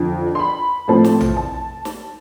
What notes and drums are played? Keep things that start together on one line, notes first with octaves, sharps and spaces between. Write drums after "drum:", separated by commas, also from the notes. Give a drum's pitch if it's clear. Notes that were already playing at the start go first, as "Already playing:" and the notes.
Already playing: F2 D3
C6
B5
A2 F3 A3 C4 A5
drum: snare
drum: tom A#1
A5
drum: snare